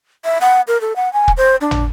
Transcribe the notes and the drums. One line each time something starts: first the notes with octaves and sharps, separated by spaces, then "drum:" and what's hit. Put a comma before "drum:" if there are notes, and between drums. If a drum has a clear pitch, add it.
E5
F#5
A#4
A4
F#5
G#5
drum: kick
C5
D4
drum: tom